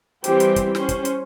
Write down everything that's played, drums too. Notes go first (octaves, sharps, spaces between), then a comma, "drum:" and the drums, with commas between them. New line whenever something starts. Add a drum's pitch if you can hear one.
E3 G3 C4 G4 C5 G5, drum: hi-hat
drum: hi-hat
drum: kick, hi-hat
C#4 C5, drum: snare
drum: kick, hi-hat
drum: hi-hat